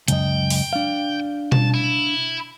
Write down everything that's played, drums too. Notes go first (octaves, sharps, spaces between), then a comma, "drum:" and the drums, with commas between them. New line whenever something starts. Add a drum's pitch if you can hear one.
C#2 F#2 D#5 G5, drum: hi-hat
drum: open hi-hat
D4 F5
A5, drum: tom B2
E4